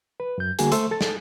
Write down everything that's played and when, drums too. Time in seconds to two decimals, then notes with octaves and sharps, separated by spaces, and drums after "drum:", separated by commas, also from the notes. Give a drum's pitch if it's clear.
0.20 B4
0.38 F#2 G6
0.59 D3 G3 A#3 F#4 G#4 G#5, drum: hi-hat
0.72 A3 A4 C5 E5 C6 E6, drum: hi-hat
0.91 A4 A6
1.01 drum: snare